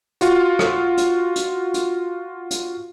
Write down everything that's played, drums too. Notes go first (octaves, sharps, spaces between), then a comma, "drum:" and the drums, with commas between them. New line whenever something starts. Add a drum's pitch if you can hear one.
F4 F#4, drum: hi-hat
drum: rim click
drum: hi-hat
drum: hi-hat
drum: hi-hat
drum: hi-hat